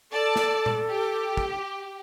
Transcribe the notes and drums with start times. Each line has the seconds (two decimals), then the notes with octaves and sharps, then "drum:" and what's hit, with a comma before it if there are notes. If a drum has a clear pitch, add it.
0.12 A4 D5 A5
0.36 drum: snare
0.66 drum: tom A#2
0.89 G4
1.37 drum: kick